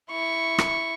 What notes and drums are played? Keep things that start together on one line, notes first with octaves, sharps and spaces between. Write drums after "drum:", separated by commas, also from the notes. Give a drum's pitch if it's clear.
E4 C#6
drum: rim click